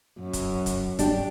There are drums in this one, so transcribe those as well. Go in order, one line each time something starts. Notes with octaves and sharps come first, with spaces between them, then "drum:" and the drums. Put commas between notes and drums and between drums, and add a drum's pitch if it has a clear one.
F#2
drum: kick, hi-hat
drum: kick, hi-hat
D4 G4, drum: kick, hi-hat